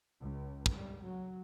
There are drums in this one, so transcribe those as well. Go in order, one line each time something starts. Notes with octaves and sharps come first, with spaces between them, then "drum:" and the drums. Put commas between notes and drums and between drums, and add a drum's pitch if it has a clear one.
C#2
drum: kick
G3
F#3